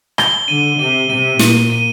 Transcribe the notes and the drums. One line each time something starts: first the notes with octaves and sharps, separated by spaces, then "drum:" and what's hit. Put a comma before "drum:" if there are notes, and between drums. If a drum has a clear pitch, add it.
G7, drum: rim click
D3 D#7
C3 D#7
C3 D#7
A#2 D#7, drum: snare
D#7